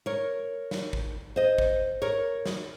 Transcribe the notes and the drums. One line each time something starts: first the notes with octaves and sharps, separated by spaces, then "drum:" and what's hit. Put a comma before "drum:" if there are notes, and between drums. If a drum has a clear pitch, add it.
A#4 C#5
drum: snare
drum: kick
C5 D#5
drum: kick
A#4 C#5
drum: snare